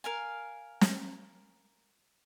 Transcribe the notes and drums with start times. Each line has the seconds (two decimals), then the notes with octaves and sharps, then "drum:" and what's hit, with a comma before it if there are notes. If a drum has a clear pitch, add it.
0.04 A#4 F5 G#5
0.81 drum: snare